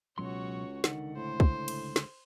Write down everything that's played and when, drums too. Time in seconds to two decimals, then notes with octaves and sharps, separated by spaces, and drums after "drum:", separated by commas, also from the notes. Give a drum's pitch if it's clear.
0.18 C#2 B2 F#3 F#4 C#5 C6
0.84 C#2 D3 D#3 F#5, drum: snare
1.16 A2 C5
1.40 drum: kick
1.68 drum: cymbal
1.96 drum: snare